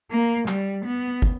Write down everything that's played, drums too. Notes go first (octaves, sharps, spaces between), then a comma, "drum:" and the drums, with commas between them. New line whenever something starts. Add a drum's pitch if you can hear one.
A#3
G3, drum: clap
B3
drum: kick, hi-hat